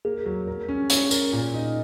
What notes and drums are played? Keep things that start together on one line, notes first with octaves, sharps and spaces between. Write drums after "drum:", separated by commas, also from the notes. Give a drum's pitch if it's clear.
A#3 G#4
F#3
A#4
C#4
C#5, drum: hi-hat
A#4, drum: tambourine
A#2
D#4